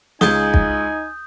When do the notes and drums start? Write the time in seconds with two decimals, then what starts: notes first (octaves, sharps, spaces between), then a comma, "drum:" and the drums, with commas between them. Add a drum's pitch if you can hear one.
0.21 C#2 D#4 G#4 G#5 D#6 G6 G7, drum: snare
0.54 drum: kick